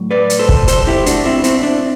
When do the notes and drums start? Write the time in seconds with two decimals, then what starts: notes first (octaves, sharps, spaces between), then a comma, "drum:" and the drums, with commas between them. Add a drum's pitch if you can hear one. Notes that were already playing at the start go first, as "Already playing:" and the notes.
Already playing: A2 F#3
0.11 B4 D5
0.30 drum: hi-hat
0.39 A4 C5
0.49 drum: kick
0.68 A4 C5, drum: hi-hat
0.87 E4 G4
1.06 D4 F#4, drum: hi-hat
1.25 C4 E4
1.44 C4 E4, drum: hi-hat
1.63 D4